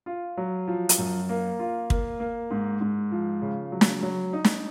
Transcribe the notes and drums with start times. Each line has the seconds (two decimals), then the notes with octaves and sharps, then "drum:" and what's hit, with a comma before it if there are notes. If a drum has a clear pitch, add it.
0.06 F4
0.37 F#3
0.68 F3
0.89 drum: hi-hat
0.98 F#2
1.29 A#3
1.59 F4
1.90 A#3, drum: kick
2.20 A#3
2.50 G#2
2.81 G#2
3.12 F3
3.42 C#3
3.72 F#3
3.81 drum: snare
4.03 F#3
4.33 D#4
4.45 drum: snare